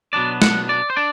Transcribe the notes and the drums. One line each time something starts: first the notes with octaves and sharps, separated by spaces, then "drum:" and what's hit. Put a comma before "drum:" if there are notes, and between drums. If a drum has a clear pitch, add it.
B2 F#3 B3 D4 D5
F#5, drum: snare
D5
C5
D4 D5